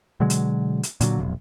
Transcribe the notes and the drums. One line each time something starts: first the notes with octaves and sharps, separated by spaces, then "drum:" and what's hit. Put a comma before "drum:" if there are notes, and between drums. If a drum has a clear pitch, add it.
B2 D3 F#3 G#3
drum: hi-hat
drum: hi-hat
A#2 D3 F#3, drum: hi-hat
F1 B1